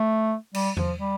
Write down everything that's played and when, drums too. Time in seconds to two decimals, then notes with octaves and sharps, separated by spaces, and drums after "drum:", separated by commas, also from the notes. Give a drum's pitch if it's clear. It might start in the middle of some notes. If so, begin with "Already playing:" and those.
Already playing: A3
0.54 G3, drum: cymbal
0.77 F3, drum: tom E2
0.98 G3